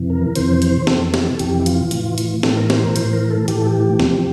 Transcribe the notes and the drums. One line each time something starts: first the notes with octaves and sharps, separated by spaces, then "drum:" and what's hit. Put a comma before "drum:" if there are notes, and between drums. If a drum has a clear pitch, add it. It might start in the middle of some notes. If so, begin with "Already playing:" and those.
Already playing: F2 C3 E3
A#4
F2 C3 E3 C5, drum: hi-hat
drum: hi-hat
F2 C3 E3 A4, drum: snare
drum: snare
A4
F2 C3 E3 G4, drum: hi-hat
E4
F4, drum: hi-hat
A2 E3 F4, drum: hi-hat
drum: hi-hat
A2 E3 A4, drum: snare
A#4
C5, drum: snare
A#4
A2 E3 C5, drum: hi-hat
A#4
A4
A2 E3 G4, drum: hi-hat
A4
G4
E2 C3 F3, drum: snare